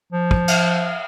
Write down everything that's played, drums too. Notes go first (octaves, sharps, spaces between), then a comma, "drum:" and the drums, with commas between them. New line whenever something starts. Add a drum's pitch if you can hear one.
F3
drum: kick
drum: cymbal